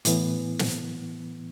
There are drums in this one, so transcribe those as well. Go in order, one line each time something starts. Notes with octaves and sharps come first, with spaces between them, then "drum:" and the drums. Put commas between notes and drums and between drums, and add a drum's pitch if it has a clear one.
A2 E3 B3, drum: hi-hat
drum: snare